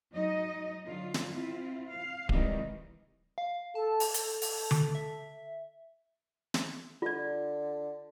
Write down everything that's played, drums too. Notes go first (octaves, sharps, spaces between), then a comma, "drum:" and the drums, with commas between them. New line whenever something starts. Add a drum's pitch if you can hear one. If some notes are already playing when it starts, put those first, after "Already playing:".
F#3 D#4 D#5
D3 F#3 F4
drum: snare
C4 E4 F4
F5
C3 D#3 E3 G3 G#3, drum: kick D1
F5
A4 A5
drum: open hi-hat
A4, drum: hi-hat
drum: open hi-hat
drum: tom D3
E5
drum: snare
D3 F4 D5